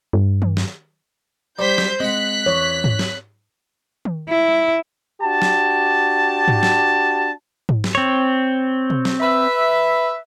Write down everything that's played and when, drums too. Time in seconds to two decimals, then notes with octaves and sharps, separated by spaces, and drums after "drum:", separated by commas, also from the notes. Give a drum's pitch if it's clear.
0.13 G2
0.42 drum: tom D#3
0.57 drum: snare
1.59 G3 C5 G6 B6
1.78 drum: snare
2.00 G#3 C4 F#5 F#6 B6
2.46 E2 C#5
2.84 drum: tom G#2
2.99 drum: snare
4.05 drum: tom D#3
4.29 E4
5.22 D4 F#4 G4 A5
5.42 drum: snare
6.48 drum: tom G#2
6.63 drum: snare
7.69 drum: tom G#2
7.84 drum: snare
7.95 C4 C#5
8.90 drum: tom B2
9.05 drum: snare
9.20 B4 E5